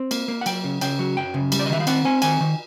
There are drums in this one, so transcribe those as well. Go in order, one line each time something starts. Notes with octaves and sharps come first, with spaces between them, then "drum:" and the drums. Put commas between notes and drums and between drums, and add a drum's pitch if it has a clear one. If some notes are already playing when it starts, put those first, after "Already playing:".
Already playing: C4
A#3, drum: cymbal
A#3
F#5
F#3 G5, drum: cymbal
C#3
C#3 G5, drum: cymbal
F#3
F#2 G5
C#3
G3, drum: cymbal
D5
D#5
D#3 E5
F5
C4 F#5, drum: cymbal
C4 G#5
D#3 G#5, drum: cymbal
D#3